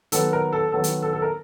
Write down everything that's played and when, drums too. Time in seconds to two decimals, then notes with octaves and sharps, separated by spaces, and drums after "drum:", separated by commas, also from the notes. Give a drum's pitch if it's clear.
0.12 D#3 F#3 B3 A4, drum: hi-hat
0.33 A#4
0.53 A4
0.72 D#3 F#3 B3 A4
0.84 drum: hi-hat
1.02 A4
1.13 A4
1.22 A#4